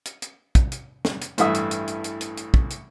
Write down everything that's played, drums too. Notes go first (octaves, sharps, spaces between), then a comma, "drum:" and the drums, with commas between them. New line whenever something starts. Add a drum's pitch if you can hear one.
drum: hi-hat
drum: hi-hat
drum: kick, hi-hat
drum: hi-hat
drum: snare
drum: hi-hat
A1 G2 E3 A3 E5 D#6, drum: hi-hat
drum: hi-hat
drum: hi-hat
drum: hi-hat
drum: hi-hat
drum: hi-hat
drum: hi-hat
drum: kick
drum: hi-hat